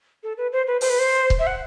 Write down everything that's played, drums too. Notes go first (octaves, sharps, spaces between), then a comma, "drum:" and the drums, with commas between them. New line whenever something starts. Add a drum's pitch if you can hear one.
A4
B4
C5
B4
C5, drum: open hi-hat
B4
C5
drum: kick C#1
E5
F#5